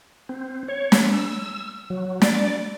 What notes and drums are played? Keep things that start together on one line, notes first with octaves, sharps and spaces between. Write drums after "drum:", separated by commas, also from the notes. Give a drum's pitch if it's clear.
C4
C#5
drum: snare
E6
F#3
D5, drum: snare